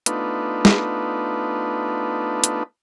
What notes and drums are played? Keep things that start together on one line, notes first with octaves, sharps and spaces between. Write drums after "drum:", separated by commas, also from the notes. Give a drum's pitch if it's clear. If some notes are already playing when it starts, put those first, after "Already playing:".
A3 B3 D4 D#4 F4 B4, drum: hi-hat
drum: snare
drum: hi-hat